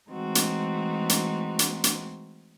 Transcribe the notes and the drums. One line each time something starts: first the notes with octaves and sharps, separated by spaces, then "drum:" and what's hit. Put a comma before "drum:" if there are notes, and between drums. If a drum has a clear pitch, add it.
E3 G#3 A3 C4 D#4 F#4
drum: hi-hat
drum: hi-hat
drum: hi-hat
drum: hi-hat